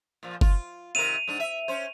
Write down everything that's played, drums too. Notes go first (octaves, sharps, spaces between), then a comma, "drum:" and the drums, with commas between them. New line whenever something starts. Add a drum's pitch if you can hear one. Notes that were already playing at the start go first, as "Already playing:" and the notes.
A#2 F3
F4, drum: kick F#1
C3 D#3 A#4 D#7 F7
G#2 D4
E5
C#4 C5